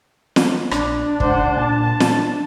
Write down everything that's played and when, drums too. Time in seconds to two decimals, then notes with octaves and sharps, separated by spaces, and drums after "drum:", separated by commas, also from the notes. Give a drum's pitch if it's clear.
0.36 drum: snare
0.71 A#1 D4, drum: rim click
1.20 C#2 C5 F#5, drum: kick
1.57 A#2 A5
2.00 D4, drum: snare